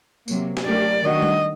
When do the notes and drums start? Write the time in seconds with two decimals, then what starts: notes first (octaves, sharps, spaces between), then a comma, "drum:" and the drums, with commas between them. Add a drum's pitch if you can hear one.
0.28 C3 F#3 A#3, drum: tambourine
0.57 drum: snare
0.66 F#3 A3 D4 G4 A#4 D5
1.04 D#3 A3 D4 F#4 D#5
1.22 drum: tom G3